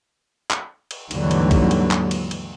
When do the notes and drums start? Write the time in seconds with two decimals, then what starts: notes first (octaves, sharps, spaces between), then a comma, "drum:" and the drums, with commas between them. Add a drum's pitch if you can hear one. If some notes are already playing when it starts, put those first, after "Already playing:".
0.51 drum: clap
0.91 drum: cymbal
1.11 D#2 G#2 D3 E3 F#3 G3, drum: cymbal
1.31 drum: cymbal
1.51 drum: kick B1, cymbal
1.71 drum: cymbal
1.91 drum: clap
2.11 drum: cymbal
2.31 drum: cymbal